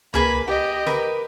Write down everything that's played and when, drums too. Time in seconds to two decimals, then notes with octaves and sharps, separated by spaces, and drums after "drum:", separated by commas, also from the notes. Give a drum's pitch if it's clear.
0.14 A#3 G#4 B4 B5, drum: tom C#2
0.47 G4 D#5 G5
0.86 A#4 B4, drum: snare